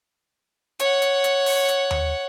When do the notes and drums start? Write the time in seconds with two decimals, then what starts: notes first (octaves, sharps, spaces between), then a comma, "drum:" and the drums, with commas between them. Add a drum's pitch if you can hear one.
0.79 C#5 F#5, drum: hi-hat
1.02 drum: hi-hat
1.24 drum: hi-hat
1.46 drum: open hi-hat
1.68 drum: hi-hat
1.91 drum: tom D#2